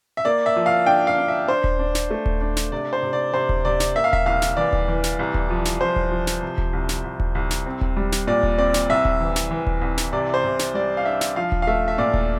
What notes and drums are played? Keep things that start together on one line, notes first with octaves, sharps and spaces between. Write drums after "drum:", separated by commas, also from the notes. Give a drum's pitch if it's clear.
E5
A#3 D5
E5
F3
F5
D4 G5
F5
D4
E5
D4 C5
drum: kick D#1
D4
drum: snare
A3
drum: kick D#1
D4
drum: snare
C3 D5
C5
C3
D5
C3 C5
drum: kick D#1
C3 D5
drum: snare
A#3 E5
F5
E5, drum: kick D#1
C2 F5
drum: snare
E3 D5
drum: kick D#1
E3
drum: snare
C2
drum: kick D#1
F3
drum: snare
F3 C5
drum: kick D#1
F3
drum: snare
C3
drum: kick D#1
C2
drum: snare
C2
drum: kick D#1
C2
drum: snare
C4
drum: kick D#1
G3
drum: snare
A#2 D5
drum: kick D#1
C4 D5
drum: snare
C2 E5
drum: kick D#1
E3
drum: snare
E3
drum: kick D#1
C2
drum: snare
C3 D5
C5
C3
drum: snare
G3 D5
F5
D4 E5
drum: snare
F3 F5
drum: kick D#1
F5
A3 E5
E5
A#2 D5
drum: kick D#1